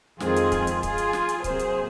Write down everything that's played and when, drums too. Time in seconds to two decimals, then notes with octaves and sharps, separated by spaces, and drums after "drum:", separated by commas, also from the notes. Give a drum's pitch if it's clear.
0.20 F2 D#3 G#3 C4 F4 G#4, drum: snare
0.36 drum: hi-hat
0.52 drum: kick C#1, hi-hat
0.67 drum: hi-hat
0.83 F4 G#4, drum: kick C#1, hi-hat
0.98 drum: hi-hat
1.13 drum: snare
1.29 drum: hi-hat
1.44 C3 F#3 A#3 G#4 C5, drum: kick C#1, hi-hat
1.59 drum: hi-hat